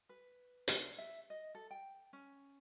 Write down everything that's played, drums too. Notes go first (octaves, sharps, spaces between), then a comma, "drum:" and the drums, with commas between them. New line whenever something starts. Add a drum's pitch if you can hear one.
B4
drum: hi-hat
E5
D#5
A4
G5
C#4